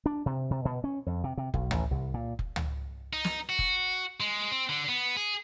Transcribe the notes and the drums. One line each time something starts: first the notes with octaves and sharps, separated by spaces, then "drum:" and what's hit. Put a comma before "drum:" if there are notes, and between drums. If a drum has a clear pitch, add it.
D4
C3
C3
B2
C#4
F2
C3
C3
B1, drum: kick F1
A1, drum: tom C#2
C2
A#2
drum: kick F1
drum: tom C#2
D#4
drum: snare
F#4
drum: kick F1
G#3
C4
D3
B3
G#4